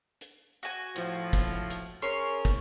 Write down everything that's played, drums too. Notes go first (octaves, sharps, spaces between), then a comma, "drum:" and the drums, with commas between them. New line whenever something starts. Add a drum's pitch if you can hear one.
drum: hi-hat
F#4 G#5
A2 F3, drum: hi-hat
drum: kick, hi-hat
drum: hi-hat
C#4 G#4 A#4 C#5 C6
drum: kick, hi-hat